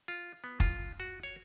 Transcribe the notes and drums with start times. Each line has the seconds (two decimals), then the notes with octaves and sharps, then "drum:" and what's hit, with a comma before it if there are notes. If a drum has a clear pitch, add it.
0.08 F4
0.44 B3
0.60 F4, drum: kick
1.00 F#4
1.23 C#5